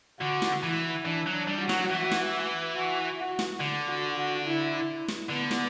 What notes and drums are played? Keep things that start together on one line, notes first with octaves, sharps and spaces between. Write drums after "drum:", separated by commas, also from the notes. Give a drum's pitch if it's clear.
D3 F#4
drum: snare
E3 E4
E3 D4
F#3
D4
G3
F#4
F#3, drum: snare
E3
drum: snare
F#4
F#4
drum: snare
D3
F#4
F#4
E4
drum: snare
D3 B3
drum: snare